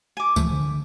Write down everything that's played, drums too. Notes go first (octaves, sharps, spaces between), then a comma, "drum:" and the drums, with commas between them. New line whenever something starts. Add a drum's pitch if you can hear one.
G#5 D6
E3 F3 A3, drum: kick, tambourine
D3